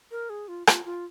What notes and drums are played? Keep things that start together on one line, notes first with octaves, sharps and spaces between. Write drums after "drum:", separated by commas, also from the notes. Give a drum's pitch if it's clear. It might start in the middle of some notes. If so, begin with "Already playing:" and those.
A#4
G#4
F4
F4, drum: rim click
F4